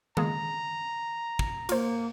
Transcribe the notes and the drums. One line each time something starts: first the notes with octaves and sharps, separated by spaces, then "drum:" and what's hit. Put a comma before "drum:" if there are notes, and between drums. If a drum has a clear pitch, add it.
G#3 A#3 G#4 A#5, drum: tom D#3
drum: kick
A#3 F4 C5, drum: cymbal